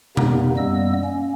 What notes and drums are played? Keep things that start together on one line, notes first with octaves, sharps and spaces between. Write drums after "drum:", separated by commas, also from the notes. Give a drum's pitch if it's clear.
F2 C3 D#3 A#3 B3 D#4, drum: tom B2
F#2 G3 A#3 B3 D#5 E6
A#3 C#4